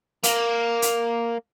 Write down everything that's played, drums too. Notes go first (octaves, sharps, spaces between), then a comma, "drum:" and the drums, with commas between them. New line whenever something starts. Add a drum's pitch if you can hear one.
A#3, drum: hi-hat
drum: hi-hat